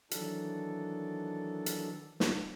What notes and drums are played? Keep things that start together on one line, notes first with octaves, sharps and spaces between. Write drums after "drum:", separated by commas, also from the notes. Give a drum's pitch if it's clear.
D#3 E3 F#3 D4 A4, drum: hi-hat
drum: hi-hat
drum: snare